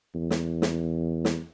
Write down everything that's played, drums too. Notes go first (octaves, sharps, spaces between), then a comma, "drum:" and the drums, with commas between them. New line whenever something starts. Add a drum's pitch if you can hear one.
E2
drum: snare
drum: snare
drum: snare